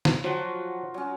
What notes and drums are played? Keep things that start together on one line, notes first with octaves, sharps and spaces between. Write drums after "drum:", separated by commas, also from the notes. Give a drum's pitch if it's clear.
drum: snare
F3 F#3 F4 F#4
F#3 C#4